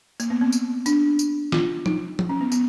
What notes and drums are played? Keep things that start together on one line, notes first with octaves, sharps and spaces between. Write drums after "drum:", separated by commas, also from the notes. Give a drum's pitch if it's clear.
A#3, drum: tambourine
B3
C4
drum: tambourine
D4, drum: tambourine
drum: tambourine
F4, drum: snare
D#4, drum: tom F3
drum: tom F3
C#4
B3
B3, drum: tambourine